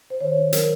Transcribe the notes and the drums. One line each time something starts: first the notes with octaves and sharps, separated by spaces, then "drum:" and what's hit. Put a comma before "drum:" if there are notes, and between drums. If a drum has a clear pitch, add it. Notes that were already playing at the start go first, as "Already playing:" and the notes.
C5
D#3 C#5
D4
F#3 A#4, drum: hi-hat